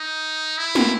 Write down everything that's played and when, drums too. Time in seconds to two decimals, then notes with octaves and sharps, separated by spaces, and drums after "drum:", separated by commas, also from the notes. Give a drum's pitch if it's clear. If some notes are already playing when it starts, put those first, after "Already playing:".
Already playing: D#4
0.58 E4
0.75 drum: snare